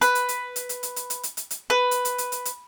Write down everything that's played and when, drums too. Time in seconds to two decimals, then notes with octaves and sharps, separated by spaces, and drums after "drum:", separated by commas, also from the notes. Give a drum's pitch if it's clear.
0.01 B4, drum: hi-hat
0.15 drum: hi-hat
0.29 drum: hi-hat
0.56 drum: hi-hat
0.69 drum: hi-hat
0.83 drum: hi-hat
0.96 drum: hi-hat
1.10 drum: hi-hat
1.23 drum: hi-hat
1.37 drum: hi-hat
1.51 drum: hi-hat
1.70 B4
1.91 drum: hi-hat
2.05 drum: hi-hat
2.18 drum: hi-hat
2.32 drum: hi-hat
2.45 drum: hi-hat